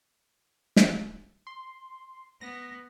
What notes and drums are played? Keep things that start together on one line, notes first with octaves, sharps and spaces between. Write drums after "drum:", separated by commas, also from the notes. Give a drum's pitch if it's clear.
drum: snare
C6
B3 A#6